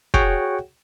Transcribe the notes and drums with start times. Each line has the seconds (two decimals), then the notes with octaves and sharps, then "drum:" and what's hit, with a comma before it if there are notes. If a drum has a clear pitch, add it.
0.14 F#4 G#4 C#5 F#5 G5, drum: kick